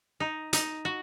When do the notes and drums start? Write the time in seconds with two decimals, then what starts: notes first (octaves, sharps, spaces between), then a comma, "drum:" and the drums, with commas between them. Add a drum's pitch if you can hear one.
0.20 D#4
0.53 D#4, drum: hi-hat
0.85 F#4